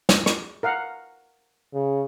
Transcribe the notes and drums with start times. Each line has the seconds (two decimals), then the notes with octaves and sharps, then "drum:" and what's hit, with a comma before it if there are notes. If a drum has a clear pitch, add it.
0.09 drum: snare
0.26 drum: rim click
0.63 A#4 F5 F#5
1.74 C#3